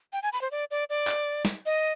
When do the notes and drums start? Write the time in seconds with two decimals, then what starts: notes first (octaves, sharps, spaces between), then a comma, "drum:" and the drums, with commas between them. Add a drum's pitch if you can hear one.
0.13 G5
0.23 G#5
0.33 B5
0.42 C5
0.51 D5
0.71 D5
0.90 D5
1.07 drum: clap
1.45 drum: snare
1.66 D#5